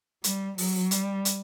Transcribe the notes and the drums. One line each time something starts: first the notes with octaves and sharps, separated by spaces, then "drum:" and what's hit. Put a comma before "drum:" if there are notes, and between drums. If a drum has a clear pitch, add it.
G3, drum: hi-hat
F#3, drum: open hi-hat
G3, drum: hi-hat
drum: hi-hat